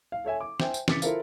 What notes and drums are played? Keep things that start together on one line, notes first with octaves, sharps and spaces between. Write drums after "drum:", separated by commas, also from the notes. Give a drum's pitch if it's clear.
F5
A4 C#5 E5 G#5
D6
C5 E5 G5 G#5, drum: snare
drum: tambourine
C#3 E3 D6 A6 B6 C#7, drum: snare
E4 F4 A4 A#4 C5 F5, drum: tambourine